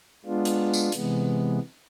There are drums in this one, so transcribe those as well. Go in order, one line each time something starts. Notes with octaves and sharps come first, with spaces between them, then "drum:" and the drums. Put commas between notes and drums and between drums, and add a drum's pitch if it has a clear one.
G#3 B3 D4 F4
drum: hi-hat
drum: tambourine
C3 E3 G#3 B3, drum: hi-hat